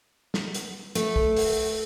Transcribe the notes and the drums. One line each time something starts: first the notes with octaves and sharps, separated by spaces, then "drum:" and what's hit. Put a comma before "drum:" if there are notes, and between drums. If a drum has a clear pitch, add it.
drum: snare
drum: hi-hat
A3, drum: hi-hat
drum: kick
drum: open hi-hat